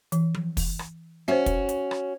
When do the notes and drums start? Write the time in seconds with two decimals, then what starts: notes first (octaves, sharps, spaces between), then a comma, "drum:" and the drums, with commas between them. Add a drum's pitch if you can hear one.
0.12 E3, drum: hi-hat
0.34 drum: tom F3
0.57 drum: kick, open hi-hat
0.79 drum: rim click
1.28 C#4 F#4 C5 E5
1.46 drum: kick, hi-hat
1.69 drum: hi-hat
1.91 drum: rim click